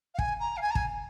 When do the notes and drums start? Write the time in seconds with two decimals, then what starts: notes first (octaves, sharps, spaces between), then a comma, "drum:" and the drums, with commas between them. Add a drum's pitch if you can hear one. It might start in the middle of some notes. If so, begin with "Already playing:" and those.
0.14 F5
0.19 G#5, drum: kick
0.40 A#5
0.57 F5
0.61 G#5
0.71 A#5
0.75 G#5, drum: kick